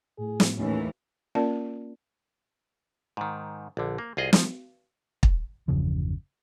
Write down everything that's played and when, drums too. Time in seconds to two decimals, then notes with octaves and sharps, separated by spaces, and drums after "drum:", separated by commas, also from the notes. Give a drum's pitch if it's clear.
0.18 A2 G#4
0.40 drum: snare
0.58 D#2 E3 A3 C#4
1.35 A#3 C#4 F4 A#4 D5 A5
3.17 G#2 D#3
3.77 A#1 D3
3.98 A#3
4.17 C2 F4 G#4 D#5
4.33 F3, drum: snare
5.23 drum: kick
5.68 G1 E2 C#3 F3